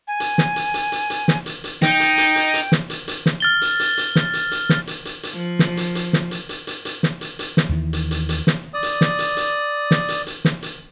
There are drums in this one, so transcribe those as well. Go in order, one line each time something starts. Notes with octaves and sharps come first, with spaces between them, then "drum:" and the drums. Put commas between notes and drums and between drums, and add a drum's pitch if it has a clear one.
G#5
drum: hi-hat
drum: snare
drum: hi-hat
drum: hi-hat
drum: hi-hat
drum: hi-hat
drum: snare
drum: hi-hat
drum: hi-hat
D#4 G5, drum: snare
drum: hi-hat
drum: hi-hat
drum: hi-hat
drum: hi-hat
drum: snare
drum: hi-hat
drum: hi-hat
drum: snare
F6 A6 G7
drum: hi-hat
drum: hi-hat
drum: hi-hat
drum: snare
drum: hi-hat
drum: hi-hat
drum: snare
drum: hi-hat
drum: hi-hat
drum: hi-hat
F3
drum: snare
drum: hi-hat
drum: hi-hat
drum: snare
drum: hi-hat
drum: hi-hat
drum: hi-hat
drum: hi-hat
drum: snare
drum: hi-hat
drum: hi-hat
drum: snare
D#2 D#3 E3
drum: hi-hat
drum: hi-hat
drum: hi-hat
drum: snare
D5 D#6
drum: hi-hat
drum: snare
drum: hi-hat
drum: hi-hat
drum: snare
drum: hi-hat
drum: hi-hat
drum: snare
drum: hi-hat